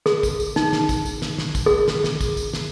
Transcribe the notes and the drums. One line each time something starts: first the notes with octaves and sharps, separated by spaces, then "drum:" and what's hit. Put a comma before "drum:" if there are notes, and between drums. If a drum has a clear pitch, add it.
G#4, drum: snare
drum: kick, tambourine
drum: tambourine
D#4, drum: snare
drum: snare
drum: kick, tambourine
drum: tambourine
drum: snare
drum: snare
drum: kick, tambourine
G#4
drum: snare
drum: snare
drum: kick, tambourine
drum: tambourine
drum: snare